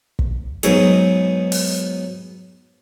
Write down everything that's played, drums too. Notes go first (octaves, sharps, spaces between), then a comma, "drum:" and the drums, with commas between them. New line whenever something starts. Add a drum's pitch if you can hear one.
drum: kick
G#2 B2 F#3 D#4 G#4, drum: hi-hat
drum: open hi-hat